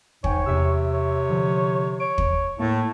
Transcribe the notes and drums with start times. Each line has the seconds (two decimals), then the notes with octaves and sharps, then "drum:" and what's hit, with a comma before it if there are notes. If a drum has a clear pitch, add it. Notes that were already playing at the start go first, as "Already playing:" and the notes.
0.24 G#2 C#5 G5 G#5, drum: kick
0.46 E2 C3 E5 E6
0.93 C#5
1.30 D3 F3
2.00 C#5 D7
2.18 drum: kick
2.59 A2 A3 A#3